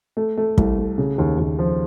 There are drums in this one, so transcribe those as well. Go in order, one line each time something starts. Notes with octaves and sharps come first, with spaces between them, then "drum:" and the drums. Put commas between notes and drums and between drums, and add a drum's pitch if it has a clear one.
A3
A3
C2, drum: kick
A3
C#3
D#2
D#2
F3